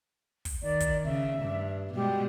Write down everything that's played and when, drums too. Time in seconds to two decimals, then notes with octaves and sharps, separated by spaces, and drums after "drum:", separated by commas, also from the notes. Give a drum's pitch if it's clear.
0.45 drum: kick, open hi-hat
0.63 D#3 D5
0.80 drum: kick, hi-hat
1.05 C#3 E5
1.43 G2
1.95 B2 G3 G#3 G4